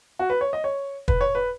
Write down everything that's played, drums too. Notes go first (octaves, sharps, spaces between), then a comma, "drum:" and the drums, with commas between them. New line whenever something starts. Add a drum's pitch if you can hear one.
F#4
B4
C#5
D#5
C#5
B4, drum: kick
C#5
B4